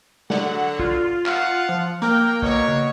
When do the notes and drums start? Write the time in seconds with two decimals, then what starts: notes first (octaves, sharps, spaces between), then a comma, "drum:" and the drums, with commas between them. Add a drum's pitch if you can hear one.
0.30 D3 F#3 F#5, drum: snare
0.79 F4, drum: kick
1.26 F5 F#5, drum: clap
1.69 F3
2.02 A#3 A#4 G5, drum: hi-hat
2.42 B2 C#5, drum: kick
2.68 drum: tom C#3